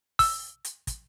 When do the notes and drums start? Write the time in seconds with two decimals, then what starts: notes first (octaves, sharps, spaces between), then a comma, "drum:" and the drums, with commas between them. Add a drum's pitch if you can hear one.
0.19 E6, drum: kick, open hi-hat
0.65 drum: hi-hat
0.87 drum: kick, hi-hat